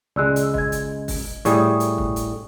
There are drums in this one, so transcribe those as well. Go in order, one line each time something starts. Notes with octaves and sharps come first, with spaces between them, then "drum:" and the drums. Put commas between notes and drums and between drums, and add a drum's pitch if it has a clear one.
C#2 G#3 D5 E6 F#6
drum: hi-hat
D#5 G#6, drum: kick
drum: hi-hat
drum: kick, open hi-hat
A2 G3 G#4 C#6 D#6, drum: hi-hat
drum: hi-hat
drum: kick
drum: hi-hat